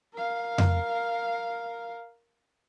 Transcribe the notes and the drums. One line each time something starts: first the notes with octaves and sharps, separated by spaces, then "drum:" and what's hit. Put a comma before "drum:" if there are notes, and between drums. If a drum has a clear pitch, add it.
A#4 F5
drum: tom F2